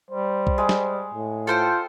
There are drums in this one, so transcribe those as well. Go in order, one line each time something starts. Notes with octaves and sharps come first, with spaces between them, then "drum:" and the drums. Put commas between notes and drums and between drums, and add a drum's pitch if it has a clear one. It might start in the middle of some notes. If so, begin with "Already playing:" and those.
G3 C5
drum: kick B1
G#3
drum: snare
A2
F4 A4 C5 G5